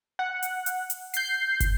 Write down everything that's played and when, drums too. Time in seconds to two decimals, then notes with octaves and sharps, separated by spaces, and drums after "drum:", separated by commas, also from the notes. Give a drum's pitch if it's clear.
0.19 F#5
0.43 drum: hi-hat
0.66 drum: hi-hat
0.90 drum: hi-hat
1.14 G6 C7, drum: hi-hat
1.60 drum: kick, hi-hat